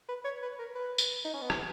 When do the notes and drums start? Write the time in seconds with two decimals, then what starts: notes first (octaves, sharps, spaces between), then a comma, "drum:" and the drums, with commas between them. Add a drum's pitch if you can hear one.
0.09 B4
0.25 C#5
0.42 B4
0.59 A#4
0.75 B4
0.98 drum: tambourine
1.25 D#4
1.34 C#4
1.41 B3
1.50 C#4, drum: rim click